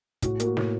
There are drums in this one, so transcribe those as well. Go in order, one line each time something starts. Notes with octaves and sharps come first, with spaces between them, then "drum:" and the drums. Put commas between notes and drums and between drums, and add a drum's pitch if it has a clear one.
A2 F#4, drum: kick, hi-hat
A#3, drum: hi-hat
F#4
A2, drum: snare